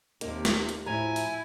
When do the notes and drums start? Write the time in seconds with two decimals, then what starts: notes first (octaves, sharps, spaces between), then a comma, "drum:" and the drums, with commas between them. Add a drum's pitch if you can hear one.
0.21 D#2 C3 A#3 D#4, drum: hi-hat
0.45 drum: snare
0.69 drum: hi-hat
0.86 A2 F3 E4 G#5 A#5
1.16 drum: open hi-hat